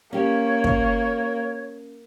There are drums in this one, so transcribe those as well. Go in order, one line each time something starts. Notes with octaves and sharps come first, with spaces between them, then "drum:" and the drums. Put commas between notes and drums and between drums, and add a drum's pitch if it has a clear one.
A#3 C#4 G4 C#5
drum: kick